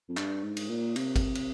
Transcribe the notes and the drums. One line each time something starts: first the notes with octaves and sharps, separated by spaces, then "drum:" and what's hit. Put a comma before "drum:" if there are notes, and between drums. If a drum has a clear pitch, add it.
F2
G2, drum: clap
G#2
drum: cymbal
A#2
C3, drum: cymbal
drum: kick, cymbal
drum: cymbal